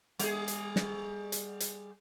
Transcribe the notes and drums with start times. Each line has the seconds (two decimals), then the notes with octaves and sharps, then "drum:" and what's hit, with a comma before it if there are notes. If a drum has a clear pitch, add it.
0.19 G3 G#4, drum: hi-hat
0.48 drum: hi-hat
0.76 drum: snare
1.32 drum: hi-hat
1.60 drum: hi-hat